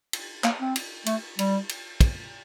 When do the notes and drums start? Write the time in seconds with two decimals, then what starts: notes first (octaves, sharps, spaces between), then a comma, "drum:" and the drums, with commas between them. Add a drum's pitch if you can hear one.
0.13 drum: cymbal
0.44 A#3, drum: clap
0.60 C4
0.76 drum: cymbal
1.06 A3, drum: cymbal
1.39 G3, drum: cymbal
1.69 drum: cymbal
2.01 drum: kick, cymbal